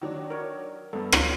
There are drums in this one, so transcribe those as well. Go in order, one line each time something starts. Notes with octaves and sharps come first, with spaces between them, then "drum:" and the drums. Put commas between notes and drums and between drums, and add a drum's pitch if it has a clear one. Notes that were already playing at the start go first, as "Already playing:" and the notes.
D#3 F#3 D4
A#4 C#5
G2 B3 A4
C#4 D#4 F4 A#4, drum: rim click